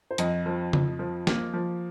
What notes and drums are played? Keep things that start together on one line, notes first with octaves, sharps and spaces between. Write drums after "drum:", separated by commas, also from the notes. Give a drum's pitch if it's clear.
C5
F2 D#5, drum: hi-hat
F3
F2, drum: tom C#3
F3
A#3, drum: snare
F3